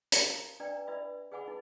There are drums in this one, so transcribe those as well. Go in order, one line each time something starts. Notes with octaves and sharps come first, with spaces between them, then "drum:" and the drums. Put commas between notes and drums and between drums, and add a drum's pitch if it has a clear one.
F5 A5 A#5 C6, drum: hi-hat
D4 B4 D5 G5 A#5
B4 D5 E5 B5
G#4 B4 F#5 G#5 B5 D6
D#4